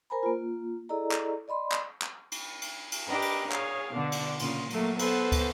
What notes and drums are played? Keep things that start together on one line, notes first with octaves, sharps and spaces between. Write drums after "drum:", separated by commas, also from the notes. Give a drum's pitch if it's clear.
A#4 C5 G#5 A#5 B5
A#3 F4
E4 G#4 A4 D5 D#5 A#5
drum: clap
D5 D#5 B5 C6
drum: clap
drum: clap
drum: cymbal
drum: cymbal
drum: cymbal
D4 G4 A#4 B4 D#5
drum: cymbal
G#4 C#5 F5, drum: clap
B2 D3 D4
drum: cymbal
A#2 C#3 F4, drum: cymbal
F#3 A3 A#3, drum: cymbal
B3 A4 B4 C5, drum: cymbal
drum: kick, cymbal